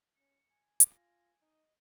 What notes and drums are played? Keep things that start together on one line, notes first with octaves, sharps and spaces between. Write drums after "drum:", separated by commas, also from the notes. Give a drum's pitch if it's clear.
C#4 C#7
G#5
drum: hi-hat
F4 A#6
D#4 D#5